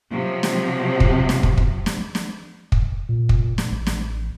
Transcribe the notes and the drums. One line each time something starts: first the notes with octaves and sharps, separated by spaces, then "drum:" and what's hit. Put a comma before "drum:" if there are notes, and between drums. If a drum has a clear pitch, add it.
C3 F3 F#3
drum: snare
drum: kick
drum: snare
drum: kick
drum: kick
drum: snare
drum: snare
drum: kick
A#2
drum: kick
drum: snare
A1
drum: snare